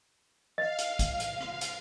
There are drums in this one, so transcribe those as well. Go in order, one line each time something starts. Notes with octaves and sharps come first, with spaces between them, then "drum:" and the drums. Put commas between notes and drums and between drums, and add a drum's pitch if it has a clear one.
D#5 F5
drum: hi-hat
drum: kick, hi-hat
drum: hi-hat
drum: rim click
drum: hi-hat